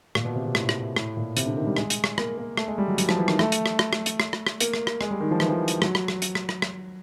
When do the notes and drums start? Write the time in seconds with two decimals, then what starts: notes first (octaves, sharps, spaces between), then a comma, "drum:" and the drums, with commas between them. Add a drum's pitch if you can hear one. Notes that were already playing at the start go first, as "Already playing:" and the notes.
0.15 A#2, drum: rim click
0.25 B2
0.35 C3
0.46 C3
0.55 A2, drum: rim click
0.69 drum: rim click
0.96 A2, drum: rim click
1.17 A#2
1.37 C3, drum: hi-hat
1.46 D3
1.57 D#3
1.67 G3
1.76 G#3, drum: rim click
1.90 drum: hi-hat
2.04 drum: rim click
2.18 A#3, drum: rim click
2.38 A#3
2.57 A3, drum: rim click
2.68 G#3
2.78 G3
2.88 F#3
2.98 F#3, drum: hi-hat
3.09 F3, drum: rim click
3.18 E3
3.28 D#3, drum: rim click
3.39 A3, drum: rim click
3.52 drum: hi-hat
3.66 drum: rim click
3.79 drum: rim click
3.93 drum: rim click
4.06 drum: hi-hat
4.20 drum: rim click
4.33 drum: rim click
4.47 drum: rim click
4.60 A#3, drum: hi-hat
4.74 drum: rim click
4.87 drum: rim click
5.01 G#3, drum: rim click
5.11 G3
5.21 D#3
5.31 F3
5.40 E3, drum: rim click
5.49 F3
5.68 drum: hi-hat
5.82 F#3, drum: rim click
5.95 drum: rim click
6.08 drum: rim click
6.22 drum: hi-hat
6.35 drum: rim click
6.49 drum: rim click
6.62 drum: rim click